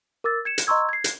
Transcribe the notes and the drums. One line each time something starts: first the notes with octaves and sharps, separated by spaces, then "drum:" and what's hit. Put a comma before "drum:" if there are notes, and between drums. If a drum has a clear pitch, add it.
A#4 D6 E6 A6
G#6 C#7 E7
drum: hi-hat
D#5 A#5 C6 C#6 E6 G#6
G#6 C7
drum: hi-hat